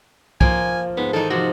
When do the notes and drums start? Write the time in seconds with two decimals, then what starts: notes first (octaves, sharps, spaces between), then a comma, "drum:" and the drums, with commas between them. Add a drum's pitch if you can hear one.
0.41 F3 A#3 F4 G#5, drum: kick
0.97 G#2 B3
1.13 D#3 E3 D#4 A4
1.30 C3 F3 F#4